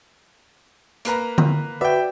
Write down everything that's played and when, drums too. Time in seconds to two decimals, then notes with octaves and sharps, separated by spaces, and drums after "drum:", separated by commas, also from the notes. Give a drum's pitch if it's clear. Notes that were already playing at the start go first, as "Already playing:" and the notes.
1.05 A#3 B4 A#5, drum: hi-hat
1.38 drum: tom D3
1.81 F#4 B4 D5 E5 G5